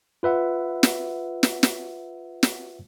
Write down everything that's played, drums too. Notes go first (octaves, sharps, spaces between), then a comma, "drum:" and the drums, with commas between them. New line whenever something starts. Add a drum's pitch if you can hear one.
F4 B4 E5 F#5
drum: snare
drum: snare
drum: snare
drum: snare